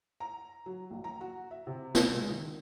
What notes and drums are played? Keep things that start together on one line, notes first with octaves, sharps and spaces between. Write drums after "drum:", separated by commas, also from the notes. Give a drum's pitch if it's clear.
A#5
F#3
A#1
A#5
F#4
E5
C3
drum: snare
G#3
D#3